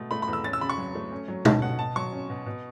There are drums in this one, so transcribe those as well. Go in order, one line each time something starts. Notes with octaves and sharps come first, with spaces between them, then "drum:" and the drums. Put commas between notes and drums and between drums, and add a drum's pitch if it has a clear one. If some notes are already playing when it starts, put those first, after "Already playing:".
Already playing: B2 A3
A3 B5
B5
E2
E6
C#4 A6
E6
C#3 B5
C#6
F#3
A3
C#4
F#3
C#4 A5, drum: tom
B2 F#5
B2 A5
F#3 C#6
C#4
B2
B2